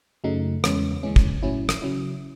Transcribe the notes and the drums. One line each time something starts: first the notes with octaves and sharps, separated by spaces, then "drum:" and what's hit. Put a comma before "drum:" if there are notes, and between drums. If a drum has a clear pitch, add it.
F#2 C#3 F#3 A3 D#4
E2 C#3 E3 G#3 C#4, drum: rim click
D#2 C#3 E3 G#3 C#4
drum: kick
A2 F#3 C#4 E4
drum: rim click
C#3 F#3 C#4 E4